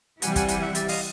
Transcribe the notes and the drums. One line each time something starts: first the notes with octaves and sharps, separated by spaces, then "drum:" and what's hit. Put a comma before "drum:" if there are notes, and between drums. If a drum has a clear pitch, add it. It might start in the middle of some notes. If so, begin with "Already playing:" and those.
C3 E3 G3 F#5 G#5, drum: hi-hat
F#5 G#5, drum: kick, hi-hat
F#5 G#5, drum: hi-hat
E5 F#5
D5 E5, drum: hi-hat
D#5 F5, drum: open hi-hat